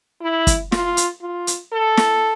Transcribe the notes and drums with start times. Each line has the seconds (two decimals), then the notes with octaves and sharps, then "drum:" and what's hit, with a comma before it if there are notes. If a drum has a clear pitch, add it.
0.22 E4
0.47 drum: kick, hi-hat
0.72 F4, drum: snare
0.97 drum: hi-hat
1.22 F4
1.47 drum: hi-hat
1.73 A4
1.97 drum: snare